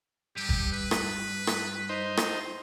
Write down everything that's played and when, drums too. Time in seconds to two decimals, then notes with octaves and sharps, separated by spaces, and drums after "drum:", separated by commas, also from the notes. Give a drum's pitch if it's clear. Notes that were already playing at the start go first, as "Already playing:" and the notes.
0.36 G2 G4
0.49 drum: kick
0.72 B4
0.91 drum: rim click
1.47 drum: rim click
1.89 D#4 C5
2.17 drum: rim click